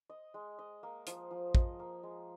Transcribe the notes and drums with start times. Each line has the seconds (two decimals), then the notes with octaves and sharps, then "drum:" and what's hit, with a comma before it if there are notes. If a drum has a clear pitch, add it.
0.10 D#5
0.34 G#3
0.59 D#5
0.83 A#3
1.07 F3, drum: hi-hat
1.31 F3
1.55 D#5, drum: kick
1.79 A#3
2.03 G#3